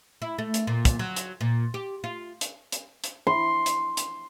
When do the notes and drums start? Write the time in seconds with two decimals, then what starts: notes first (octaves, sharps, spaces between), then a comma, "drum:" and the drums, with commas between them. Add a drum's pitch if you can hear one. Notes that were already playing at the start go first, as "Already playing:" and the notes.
0.22 E4
0.38 A3
0.54 drum: hi-hat
0.67 A#2
0.85 drum: kick, hi-hat
0.99 F#3
1.16 drum: hi-hat
1.41 A#2
1.74 G4
2.04 F4
2.41 drum: hi-hat
2.72 drum: hi-hat
3.04 drum: hi-hat
3.27 C6
3.66 drum: hi-hat
3.97 drum: hi-hat